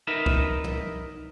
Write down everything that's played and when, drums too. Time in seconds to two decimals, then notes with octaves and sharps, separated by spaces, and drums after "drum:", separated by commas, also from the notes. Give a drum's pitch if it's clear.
0.07 D#4 A#4 B4 E5
0.26 drum: kick C2
0.64 drum: tom